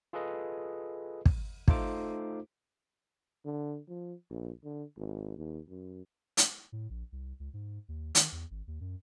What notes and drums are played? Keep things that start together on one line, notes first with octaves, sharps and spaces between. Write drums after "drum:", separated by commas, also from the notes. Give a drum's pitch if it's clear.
F4 G#4 A4 B4 D#5
drum: kick
A3 D#4 F4 A4 C5 D6, drum: kick
D3
F3
A#1
D3
G#1
D#2
F#2
drum: hi-hat
A2
A#1
C2
C#2
G#2
D#2
D#3, drum: hi-hat
E2
G#1
D#2
F#2